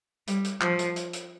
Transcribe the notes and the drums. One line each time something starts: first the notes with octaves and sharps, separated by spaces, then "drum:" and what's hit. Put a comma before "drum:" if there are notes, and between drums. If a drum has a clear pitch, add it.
G3, drum: hi-hat
drum: hi-hat
F3, drum: clap
drum: hi-hat
drum: hi-hat
drum: hi-hat